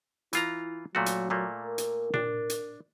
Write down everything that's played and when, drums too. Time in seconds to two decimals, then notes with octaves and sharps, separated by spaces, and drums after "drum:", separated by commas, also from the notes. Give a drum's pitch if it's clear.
0.33 E3 E4 F4 A#5, drum: hi-hat
0.95 A#2 F#3 A3 F#4
1.06 drum: hi-hat
1.30 A#2 A3 A#3
1.62 A#4
1.78 drum: hi-hat
2.14 D4, drum: tom A#2
2.50 drum: hi-hat